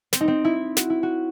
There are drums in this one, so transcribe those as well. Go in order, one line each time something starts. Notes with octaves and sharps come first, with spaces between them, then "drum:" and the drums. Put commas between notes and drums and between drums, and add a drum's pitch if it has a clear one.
C4, drum: snare
D#4
C4
E4
F#4, drum: snare
E4
F#4